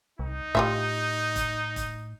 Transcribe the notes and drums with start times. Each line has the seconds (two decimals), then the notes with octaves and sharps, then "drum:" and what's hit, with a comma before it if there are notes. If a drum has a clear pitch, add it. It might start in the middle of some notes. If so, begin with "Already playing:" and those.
0.19 C2 D#4
0.55 A2 G3 F4 E5, drum: kick E1
1.36 drum: kick E1, hi-hat
1.76 drum: kick E1, hi-hat